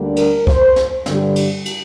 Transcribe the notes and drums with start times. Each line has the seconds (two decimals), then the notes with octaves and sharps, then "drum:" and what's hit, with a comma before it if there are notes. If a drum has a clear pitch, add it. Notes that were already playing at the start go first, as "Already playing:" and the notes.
Already playing: D2 D3 G3 A#3 D4
0.16 A#4, drum: cymbal
0.47 C5, drum: kick C2
0.76 drum: snare
1.06 G2 D3 G3, drum: snare
1.36 drum: cymbal
1.66 drum: cymbal